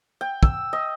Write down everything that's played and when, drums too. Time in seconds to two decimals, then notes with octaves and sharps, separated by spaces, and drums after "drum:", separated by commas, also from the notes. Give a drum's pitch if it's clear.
0.21 G5
0.43 E6, drum: kick
0.73 D#5